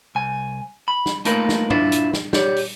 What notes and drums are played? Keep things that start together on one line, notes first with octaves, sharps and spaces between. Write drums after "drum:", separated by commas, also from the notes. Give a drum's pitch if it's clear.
C2 G#5
B5
drum: snare
A3 A#3 D#4 F4 A#4 B4, drum: hi-hat
drum: snare
D4 E4 F4 B4, drum: tom G2
drum: hi-hat
drum: snare
G4 C#5 D5, drum: snare
drum: open hi-hat